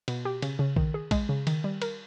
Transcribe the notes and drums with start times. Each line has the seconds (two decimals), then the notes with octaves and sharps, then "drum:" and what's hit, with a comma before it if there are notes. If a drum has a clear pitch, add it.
0.08 B2, drum: cymbal
0.25 G4
0.42 C#3, drum: cymbal
0.59 C#3
0.76 D#3, drum: kick A#1
0.94 G#4
1.11 G#3, drum: kick A#1, cymbal
1.29 C#3
1.47 D#3, drum: cymbal
1.64 G3
1.82 A#4, drum: cymbal